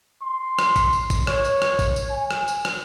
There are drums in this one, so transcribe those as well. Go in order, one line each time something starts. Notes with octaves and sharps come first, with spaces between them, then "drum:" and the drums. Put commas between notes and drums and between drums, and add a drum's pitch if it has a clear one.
C6
drum: rim click
drum: kick, tambourine
drum: tambourine
drum: kick, tambourine
C#5, drum: rim click
drum: tambourine
drum: rim click
drum: kick, tambourine
drum: tambourine
G#5
drum: rim click
drum: tambourine
drum: rim click